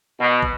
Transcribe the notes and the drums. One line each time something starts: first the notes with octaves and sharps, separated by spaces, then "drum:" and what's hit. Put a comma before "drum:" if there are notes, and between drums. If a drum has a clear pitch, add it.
B2
drum: kick